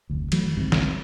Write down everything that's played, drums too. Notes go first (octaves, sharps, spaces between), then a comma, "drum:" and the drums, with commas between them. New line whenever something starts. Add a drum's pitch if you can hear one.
F1 D2
D#3 E3 F#3 A3, drum: cymbal
G1 C2 G#2 C3
drum: snare